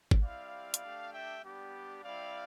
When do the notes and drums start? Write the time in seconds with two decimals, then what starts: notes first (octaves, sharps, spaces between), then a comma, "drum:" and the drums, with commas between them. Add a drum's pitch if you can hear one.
0.11 drum: kick
0.22 G3 C4 E4 G4 D5 F5
0.74 drum: hi-hat
0.83 A3 D4 G4
1.12 E5 G5
1.42 G3 B3 D4 G4
2.03 G3 C4 E4 G4 D5 F5